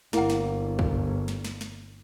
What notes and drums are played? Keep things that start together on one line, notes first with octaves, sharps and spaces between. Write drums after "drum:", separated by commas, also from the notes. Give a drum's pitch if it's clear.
G1 A#3 E4 F#5, drum: snare
drum: snare
drum: kick
drum: snare
drum: snare
drum: snare